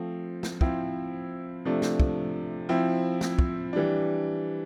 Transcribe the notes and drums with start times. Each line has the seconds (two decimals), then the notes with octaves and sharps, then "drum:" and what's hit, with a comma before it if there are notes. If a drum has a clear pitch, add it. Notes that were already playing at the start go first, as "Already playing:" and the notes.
Already playing: F3 A3 C4
0.43 drum: snare
0.61 F3 C4 E4, drum: kick
1.65 C3 F3 A3 D4
1.82 drum: snare
2.00 drum: kick
2.69 F3 C4 E4
3.21 drum: snare
3.39 drum: kick
3.73 E3 G3 D4